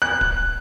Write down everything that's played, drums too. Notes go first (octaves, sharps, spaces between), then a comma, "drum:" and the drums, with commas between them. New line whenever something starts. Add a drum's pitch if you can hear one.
F#6
drum: kick D1